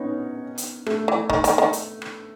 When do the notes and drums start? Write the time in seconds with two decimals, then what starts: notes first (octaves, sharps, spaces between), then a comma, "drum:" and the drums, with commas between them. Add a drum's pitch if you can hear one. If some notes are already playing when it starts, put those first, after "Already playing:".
Already playing: B3 C#4 D#4
0.58 drum: hi-hat
0.86 A3, drum: rim click
1.08 E3
1.30 D#3, drum: kick
1.44 D#3, drum: hi-hat
1.58 D#3
1.73 drum: hi-hat
2.02 drum: rim click